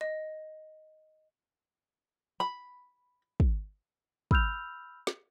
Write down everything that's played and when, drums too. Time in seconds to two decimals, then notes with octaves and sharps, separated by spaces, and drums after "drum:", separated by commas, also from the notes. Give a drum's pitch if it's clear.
0.01 D#5
2.40 B5
3.40 drum: kick
4.31 B5 E6 F6 G6 F7, drum: kick
5.07 drum: snare